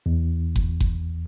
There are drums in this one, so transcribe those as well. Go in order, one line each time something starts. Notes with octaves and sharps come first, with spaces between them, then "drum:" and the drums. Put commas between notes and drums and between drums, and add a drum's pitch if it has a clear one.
E2
drum: kick F#1
drum: kick F#1